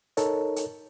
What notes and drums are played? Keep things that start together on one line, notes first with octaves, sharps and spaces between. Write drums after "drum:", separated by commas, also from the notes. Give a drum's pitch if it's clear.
D#4 A4 A#4 C#5, drum: hi-hat
drum: hi-hat